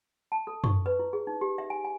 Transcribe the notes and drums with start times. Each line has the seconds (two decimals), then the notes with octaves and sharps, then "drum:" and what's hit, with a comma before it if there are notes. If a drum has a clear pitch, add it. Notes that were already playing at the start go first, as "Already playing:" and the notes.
0.32 A5
0.47 A4
0.64 C#6, drum: tom F#2
0.86 B4
0.99 E4
1.13 G#4
1.27 D#4
1.41 G4
1.58 E5
1.70 G#5
1.85 G#5